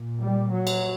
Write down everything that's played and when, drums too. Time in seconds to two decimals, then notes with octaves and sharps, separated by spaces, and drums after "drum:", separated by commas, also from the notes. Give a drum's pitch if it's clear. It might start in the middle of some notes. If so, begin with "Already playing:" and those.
Already playing: A#2
0.21 G3
0.52 F#3
0.67 drum: cymbal